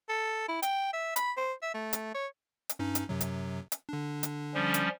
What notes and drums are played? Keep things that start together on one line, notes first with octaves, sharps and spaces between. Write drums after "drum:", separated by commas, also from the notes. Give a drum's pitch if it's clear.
A4
E4
G5, drum: hi-hat
E5
B5, drum: hi-hat
C5
E5
A3
drum: hi-hat
C#5
drum: hi-hat
G2 C#4 D#4
drum: hi-hat
F#2 C3 F#3
drum: hi-hat
drum: hi-hat
D3 D4
drum: hi-hat
F3 G3 C#4
drum: hi-hat